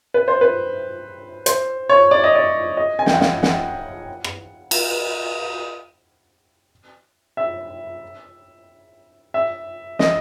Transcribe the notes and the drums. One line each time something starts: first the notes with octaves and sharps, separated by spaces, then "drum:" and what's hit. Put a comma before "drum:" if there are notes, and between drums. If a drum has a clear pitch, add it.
B4
C5
B4
C5, drum: hi-hat
C#5
D5
D#5
D5
D#5
G#5
G5, drum: snare
F#5
F5, drum: snare
F#5, drum: snare
drum: rim click
drum: cymbal
E5
E5
D#5, drum: snare